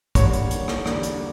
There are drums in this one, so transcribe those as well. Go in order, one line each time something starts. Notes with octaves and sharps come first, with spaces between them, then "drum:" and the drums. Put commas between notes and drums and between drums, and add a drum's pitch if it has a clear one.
E2 D3 G3 A#3 C#5, drum: kick, hi-hat
drum: hi-hat
drum: hi-hat
drum: rim click
E2 D3 G3 A#3, drum: rim click
drum: hi-hat